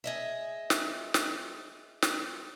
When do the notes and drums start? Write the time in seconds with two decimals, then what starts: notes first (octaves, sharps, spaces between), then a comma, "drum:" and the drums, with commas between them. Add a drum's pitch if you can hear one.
0.04 G#4 D#5 E5
0.70 drum: snare
1.14 drum: snare
2.02 drum: snare